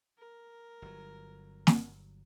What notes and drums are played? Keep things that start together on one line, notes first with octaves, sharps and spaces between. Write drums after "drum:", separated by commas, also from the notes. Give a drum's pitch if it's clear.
A#4
G1 F#3
drum: snare